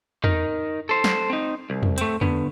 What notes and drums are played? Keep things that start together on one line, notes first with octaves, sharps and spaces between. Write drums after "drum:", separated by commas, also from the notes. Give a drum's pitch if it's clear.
D#4 A#4, drum: tom E2
A4 C5
drum: snare
C4 D#4
C2
drum: tom E2
A3 C4, drum: hi-hat
D3 B3, drum: tom E2